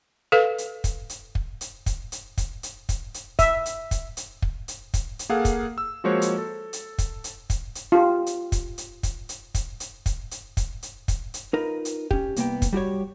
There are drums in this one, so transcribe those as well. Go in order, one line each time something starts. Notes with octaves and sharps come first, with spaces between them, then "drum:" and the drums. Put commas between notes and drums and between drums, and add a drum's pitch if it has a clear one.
A4 B4 F5
drum: hi-hat
drum: kick, hi-hat
drum: hi-hat
drum: kick
drum: hi-hat
drum: kick, hi-hat
drum: hi-hat
drum: kick, hi-hat
drum: hi-hat
drum: kick, hi-hat
drum: hi-hat
E5, drum: kick, hi-hat
drum: hi-hat
drum: kick, hi-hat
drum: hi-hat
drum: kick
drum: hi-hat
drum: kick, hi-hat
drum: hi-hat
A#3 G#4 A4 F5 F#5
drum: kick, hi-hat
E6
F3 G#3 A#3 F#4 C5 C#5
drum: hi-hat
A4
drum: hi-hat
drum: kick, hi-hat
drum: hi-hat
drum: kick, hi-hat
drum: hi-hat
F4 G4
drum: hi-hat
drum: kick, hi-hat
drum: hi-hat
drum: kick, hi-hat
drum: hi-hat
drum: kick, hi-hat
drum: hi-hat
drum: kick, hi-hat
drum: hi-hat
drum: kick, hi-hat
drum: hi-hat
drum: kick, hi-hat
drum: hi-hat
D#4 F4 A#4 B4
drum: hi-hat
C#4 G4, drum: kick
C2 A#3 B3 G5, drum: hi-hat
drum: kick, hi-hat
G3 F#4 G4 C#5